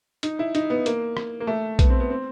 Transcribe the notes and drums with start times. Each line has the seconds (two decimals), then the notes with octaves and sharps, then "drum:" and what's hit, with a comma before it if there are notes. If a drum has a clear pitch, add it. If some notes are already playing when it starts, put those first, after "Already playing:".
0.23 D#4, drum: hi-hat
0.39 E4
0.55 D#4, drum: hi-hat
0.70 B3
0.86 A#3, drum: hi-hat
1.17 drum: rim click
1.40 A#3
1.47 A3
1.79 B3, drum: kick A#1, hi-hat
1.89 C4
2.00 B3
2.10 C4